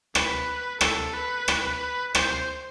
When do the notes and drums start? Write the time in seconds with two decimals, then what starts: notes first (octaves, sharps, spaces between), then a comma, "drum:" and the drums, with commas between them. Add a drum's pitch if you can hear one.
0.15 B4, drum: rim click
0.81 A4, drum: rim click
1.14 B4
1.48 drum: rim click
2.15 C5, drum: rim click